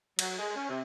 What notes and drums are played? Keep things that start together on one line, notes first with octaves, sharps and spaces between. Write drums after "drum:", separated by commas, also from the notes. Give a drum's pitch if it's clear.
F#3, drum: cymbal
G#3
C#4
C3